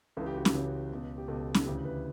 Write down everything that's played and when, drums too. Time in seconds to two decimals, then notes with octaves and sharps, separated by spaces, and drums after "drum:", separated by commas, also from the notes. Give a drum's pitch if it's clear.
0.17 C#2 C#3 E3 A4
0.26 G4
0.36 F#4
0.45 G4, drum: snare C#4
0.53 C#2 C#3 E3
0.92 C#2 B2
1.18 G4
1.28 C#2 B2 A4
1.54 drum: snare C#4
1.65 D2 C#3 E3 G4
1.84 B4